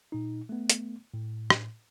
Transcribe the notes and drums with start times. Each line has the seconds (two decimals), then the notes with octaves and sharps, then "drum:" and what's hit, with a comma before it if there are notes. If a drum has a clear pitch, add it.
0.12 A#2 D#4
0.49 A3 B3
0.70 drum: hi-hat
1.14 A2
1.50 drum: rim click